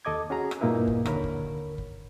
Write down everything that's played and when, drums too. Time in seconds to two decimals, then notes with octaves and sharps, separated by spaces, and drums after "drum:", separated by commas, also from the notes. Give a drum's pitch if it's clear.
0.05 D#2 A4 D#5 D6 G#6
0.30 C#4 F#4 G#4 A#5
0.51 drum: rim click
0.61 G2 A#2 A#3 D#4 E4 B4
0.87 drum: kick F#1
1.06 D#2 D3 A#4 C#5 B5, drum: rim click
1.24 drum: kick F#1
1.78 drum: kick F#1